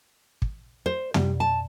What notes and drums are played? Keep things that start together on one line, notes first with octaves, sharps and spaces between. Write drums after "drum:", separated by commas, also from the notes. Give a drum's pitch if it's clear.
drum: kick
C5
G3, drum: tom
A5